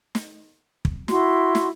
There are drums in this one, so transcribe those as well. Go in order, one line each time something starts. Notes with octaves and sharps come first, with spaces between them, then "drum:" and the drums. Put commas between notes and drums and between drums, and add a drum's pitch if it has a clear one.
drum: snare
drum: kick
E4 F#4 C6, drum: snare
drum: snare